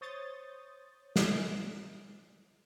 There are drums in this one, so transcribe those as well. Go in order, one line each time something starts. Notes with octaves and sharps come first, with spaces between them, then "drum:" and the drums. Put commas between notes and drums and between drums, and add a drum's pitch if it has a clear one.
C5 C#5 D#6 G6 A6
drum: snare